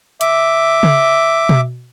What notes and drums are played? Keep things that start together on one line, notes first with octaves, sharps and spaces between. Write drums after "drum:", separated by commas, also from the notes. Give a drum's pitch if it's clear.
E5 D6, drum: hi-hat
drum: tom C#3
drum: tom B2